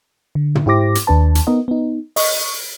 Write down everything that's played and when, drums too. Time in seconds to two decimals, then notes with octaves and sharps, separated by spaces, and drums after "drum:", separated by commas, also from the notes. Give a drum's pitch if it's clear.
0.35 D3
0.55 drum: tom
0.66 G#2 E4 G4 C5 D6 A#6
0.95 drum: hi-hat
1.07 D#2 D4 B4 A5
1.35 drum: hi-hat
1.47 B3 D#4 A#4 D#5
1.68 B3 D#4
2.16 D#5 C#6, drum: open hi-hat